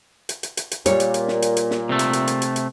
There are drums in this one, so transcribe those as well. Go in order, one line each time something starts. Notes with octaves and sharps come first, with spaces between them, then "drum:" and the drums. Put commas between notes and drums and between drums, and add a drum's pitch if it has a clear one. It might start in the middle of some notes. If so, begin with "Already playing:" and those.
drum: hi-hat
drum: hi-hat
drum: hi-hat
drum: hi-hat
A#2 G3 C#5, drum: hi-hat
drum: hi-hat
drum: hi-hat
drum: snare
drum: hi-hat
drum: hi-hat
drum: snare
C3 A3
drum: hi-hat
drum: hi-hat
drum: hi-hat
drum: hi-hat
drum: hi-hat